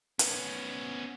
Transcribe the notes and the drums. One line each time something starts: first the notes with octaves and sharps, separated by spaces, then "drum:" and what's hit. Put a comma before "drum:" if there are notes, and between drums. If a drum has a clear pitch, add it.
B3 C#4, drum: hi-hat